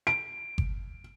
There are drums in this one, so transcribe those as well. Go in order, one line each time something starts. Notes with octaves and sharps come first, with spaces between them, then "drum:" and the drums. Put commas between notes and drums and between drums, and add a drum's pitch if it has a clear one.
D7
drum: kick G1